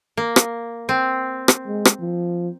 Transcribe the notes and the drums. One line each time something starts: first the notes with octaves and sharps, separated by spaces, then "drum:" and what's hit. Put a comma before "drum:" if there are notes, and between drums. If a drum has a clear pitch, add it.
A#3
drum: rim click
C4
drum: rim click
G#3
drum: rim click
F3